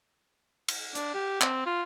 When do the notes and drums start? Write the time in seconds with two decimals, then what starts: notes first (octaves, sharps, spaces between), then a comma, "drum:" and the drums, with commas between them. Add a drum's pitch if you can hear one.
0.68 drum: cymbal
0.95 D4, drum: hi-hat
1.14 G4
1.41 C4, drum: clap
1.66 F4